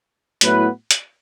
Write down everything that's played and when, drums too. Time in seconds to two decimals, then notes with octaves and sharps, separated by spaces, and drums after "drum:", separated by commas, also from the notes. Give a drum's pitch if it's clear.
0.41 A2 F#3 B3 E4 B4, drum: hi-hat
0.91 drum: hi-hat